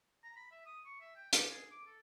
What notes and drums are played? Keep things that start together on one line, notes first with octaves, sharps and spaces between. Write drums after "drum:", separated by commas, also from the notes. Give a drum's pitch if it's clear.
A#5
B5
E5
D#6
C#6
E5
G5
D5, drum: hi-hat
G#4
D6
A4